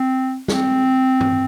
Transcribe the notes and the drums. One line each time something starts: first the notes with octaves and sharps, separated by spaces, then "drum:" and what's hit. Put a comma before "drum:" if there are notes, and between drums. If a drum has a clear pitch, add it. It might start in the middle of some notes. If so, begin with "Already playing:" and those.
Already playing: C4
C4, drum: snare
drum: tom G2